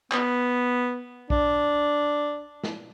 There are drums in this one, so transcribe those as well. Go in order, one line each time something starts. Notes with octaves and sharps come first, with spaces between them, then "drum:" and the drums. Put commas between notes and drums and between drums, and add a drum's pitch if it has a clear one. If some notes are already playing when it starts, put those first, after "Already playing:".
B3, drum: clap
D4, drum: kick A#1
drum: snare